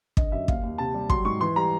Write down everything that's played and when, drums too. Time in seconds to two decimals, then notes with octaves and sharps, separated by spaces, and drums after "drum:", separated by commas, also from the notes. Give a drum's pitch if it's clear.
0.17 D3 D#5, drum: kick
0.32 F#2 E5
0.48 D#2 F5, drum: kick
0.63 D#2
0.78 C3 A5
0.94 G3
1.10 F#3 C6, drum: kick
1.25 G#2 C#6
1.41 E3 C6
1.56 G3 A#5